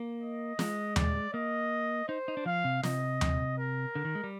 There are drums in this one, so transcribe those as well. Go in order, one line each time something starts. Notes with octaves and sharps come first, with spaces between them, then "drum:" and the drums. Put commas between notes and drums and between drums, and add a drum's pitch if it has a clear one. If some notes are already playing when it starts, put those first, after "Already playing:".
Already playing: A#3
D#5
G#3, drum: snare
D5, drum: tom D#2
A#3 D#5
D#4 C5
D#4
D4
F3 F5
C3
C3 D#5, drum: snare
drum: tom D#2
A#4
D3
D#3
G#3
G3